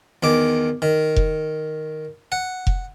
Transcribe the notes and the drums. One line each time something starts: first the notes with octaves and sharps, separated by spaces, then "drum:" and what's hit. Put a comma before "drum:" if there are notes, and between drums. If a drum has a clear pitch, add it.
E2 D#3 D6
D#3
drum: kick F1
F#5
drum: kick F1